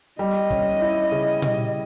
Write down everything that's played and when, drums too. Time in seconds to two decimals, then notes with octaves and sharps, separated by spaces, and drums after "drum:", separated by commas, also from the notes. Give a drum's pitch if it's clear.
0.19 G3 D#5
0.51 C#4, drum: kick
0.81 E4
1.12 C#3
1.42 G3, drum: tom A#2